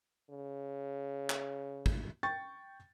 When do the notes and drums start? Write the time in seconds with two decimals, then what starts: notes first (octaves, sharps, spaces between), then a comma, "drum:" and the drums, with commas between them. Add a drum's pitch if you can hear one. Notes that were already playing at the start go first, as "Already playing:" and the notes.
0.30 C#3
1.30 drum: clap
1.86 drum: kick
2.23 G5 C#6 A6